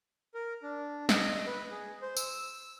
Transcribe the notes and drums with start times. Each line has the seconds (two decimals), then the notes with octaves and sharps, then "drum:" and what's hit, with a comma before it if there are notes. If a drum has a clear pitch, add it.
0.34 A#4
0.63 D4
1.09 D#5, drum: snare
1.47 B4
1.71 G#4
2.02 C5
2.17 E6, drum: tambourine